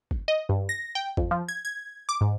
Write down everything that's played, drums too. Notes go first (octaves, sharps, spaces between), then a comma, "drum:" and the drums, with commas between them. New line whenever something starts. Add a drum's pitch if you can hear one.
drum: kick G1
D#5
G2
A#6
G5
F2, drum: kick G1
F3
G#6
G#6
D6
G#2